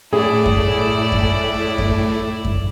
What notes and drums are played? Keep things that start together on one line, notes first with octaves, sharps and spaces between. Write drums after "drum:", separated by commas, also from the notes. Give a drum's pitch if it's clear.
A2 E4 G#4 D5
drum: kick F#2
drum: kick F#2
drum: kick F#2
drum: kick F#2